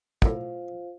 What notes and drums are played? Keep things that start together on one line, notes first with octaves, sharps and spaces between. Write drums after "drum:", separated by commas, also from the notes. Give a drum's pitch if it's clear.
B1 A2 F4 C5 F5, drum: kick